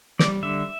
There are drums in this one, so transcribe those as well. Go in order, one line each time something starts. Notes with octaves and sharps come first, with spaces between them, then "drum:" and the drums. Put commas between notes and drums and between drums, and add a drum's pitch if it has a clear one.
G3 D5, drum: snare
D3 E5